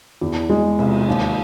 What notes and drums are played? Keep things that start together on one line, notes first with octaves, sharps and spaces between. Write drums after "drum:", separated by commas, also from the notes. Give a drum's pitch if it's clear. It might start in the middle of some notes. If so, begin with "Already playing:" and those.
E2
G#3
C3, drum: cymbal
D#2